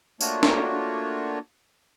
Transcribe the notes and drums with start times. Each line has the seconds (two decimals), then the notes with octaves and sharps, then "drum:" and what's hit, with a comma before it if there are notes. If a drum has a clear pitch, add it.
0.21 A3 A#3 D4 F4 F#4 C#5, drum: tambourine
0.43 drum: snare